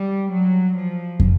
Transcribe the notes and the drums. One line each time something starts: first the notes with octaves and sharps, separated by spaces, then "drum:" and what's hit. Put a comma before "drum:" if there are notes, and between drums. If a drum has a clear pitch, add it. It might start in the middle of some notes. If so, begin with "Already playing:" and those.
Already playing: G3
F#3
F3
drum: kick